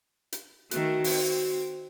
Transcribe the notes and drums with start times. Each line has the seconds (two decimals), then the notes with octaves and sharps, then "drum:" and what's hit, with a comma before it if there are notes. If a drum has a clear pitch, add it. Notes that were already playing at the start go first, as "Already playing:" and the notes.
0.32 drum: hi-hat
0.71 D#3 A3 F#4, drum: hi-hat
1.04 C4, drum: open hi-hat